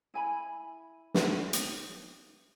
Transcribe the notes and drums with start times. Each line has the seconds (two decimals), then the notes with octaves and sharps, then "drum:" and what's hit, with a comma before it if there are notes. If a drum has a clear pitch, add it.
0.14 E4 G#5 B5
1.14 drum: snare
1.53 drum: hi-hat